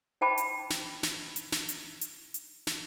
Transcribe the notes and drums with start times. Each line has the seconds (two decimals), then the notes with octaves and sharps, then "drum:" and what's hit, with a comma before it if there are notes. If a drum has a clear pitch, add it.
0.21 D#4 C5 G5 A5 B5 D6
0.38 drum: hi-hat
0.70 drum: snare
1.03 drum: snare
1.36 drum: hi-hat
1.52 drum: snare
1.69 drum: hi-hat
2.01 drum: hi-hat
2.34 drum: hi-hat
2.67 drum: snare